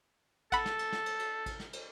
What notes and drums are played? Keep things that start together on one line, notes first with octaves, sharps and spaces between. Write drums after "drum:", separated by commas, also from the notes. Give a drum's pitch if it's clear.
A4 F#5 B5, drum: kick A1, cymbal
drum: snare
drum: cymbal
drum: snare
drum: cymbal
drum: cymbal
drum: kick A1, cymbal
drum: snare
drum: cymbal